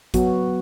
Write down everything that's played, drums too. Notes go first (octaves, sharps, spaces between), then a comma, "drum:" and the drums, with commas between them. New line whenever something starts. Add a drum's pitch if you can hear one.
F#3 B3 F#4, drum: kick A1, hi-hat